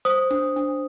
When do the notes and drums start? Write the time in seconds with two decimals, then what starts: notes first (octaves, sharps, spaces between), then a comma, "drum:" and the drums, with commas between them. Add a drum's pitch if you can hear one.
0.05 C5 D#6
0.31 D4, drum: open hi-hat
0.56 D4, drum: hi-hat